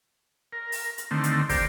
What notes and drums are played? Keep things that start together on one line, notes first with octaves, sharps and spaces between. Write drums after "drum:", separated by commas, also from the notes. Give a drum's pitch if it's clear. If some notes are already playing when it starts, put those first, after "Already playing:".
A#4
drum: open hi-hat
drum: hi-hat
D3 D#3 A3 C4
drum: hi-hat
G4 A#4 C5 D5, drum: kick, open hi-hat